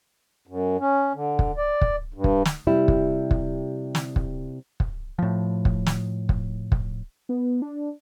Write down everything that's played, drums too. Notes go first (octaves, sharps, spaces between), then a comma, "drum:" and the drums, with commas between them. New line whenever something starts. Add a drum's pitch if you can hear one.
F#2
C#4
D3
drum: kick
D5
drum: kick
G2
drum: kick
drum: snare
C3 G3 E4
drum: kick
drum: kick
drum: snare
drum: kick
drum: kick
A2 F3
drum: kick
drum: snare
drum: kick
drum: kick
B3
D4